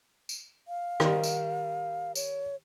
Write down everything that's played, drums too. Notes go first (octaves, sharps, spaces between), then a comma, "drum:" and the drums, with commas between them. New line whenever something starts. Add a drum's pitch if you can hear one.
drum: tambourine
F5
D#3 G3, drum: rim click
drum: tambourine
C#5, drum: tambourine